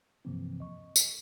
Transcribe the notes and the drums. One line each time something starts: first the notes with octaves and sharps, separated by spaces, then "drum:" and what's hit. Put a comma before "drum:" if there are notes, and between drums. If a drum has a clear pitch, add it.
G2 C3 E3 F3 A#3 C4
D#5 C#6
drum: tambourine